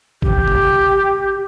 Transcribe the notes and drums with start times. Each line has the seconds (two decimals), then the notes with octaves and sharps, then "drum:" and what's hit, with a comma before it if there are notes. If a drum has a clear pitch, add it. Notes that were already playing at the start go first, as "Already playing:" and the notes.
0.22 G4, drum: kick G#1
0.48 drum: tom